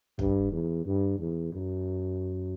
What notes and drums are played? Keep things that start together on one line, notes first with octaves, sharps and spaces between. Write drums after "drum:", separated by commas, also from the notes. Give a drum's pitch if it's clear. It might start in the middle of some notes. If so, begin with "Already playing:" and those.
G2, drum: kick
E2
G2
E2
F#2